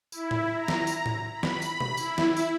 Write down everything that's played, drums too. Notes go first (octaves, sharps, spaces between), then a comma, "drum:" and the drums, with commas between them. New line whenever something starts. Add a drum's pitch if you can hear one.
E4, drum: tambourine
drum: tom A2
A#5
drum: snare
drum: tambourine
drum: tom A2
B5
drum: snare
drum: tambourine
drum: tom B2
E4, drum: tambourine
drum: snare
drum: tambourine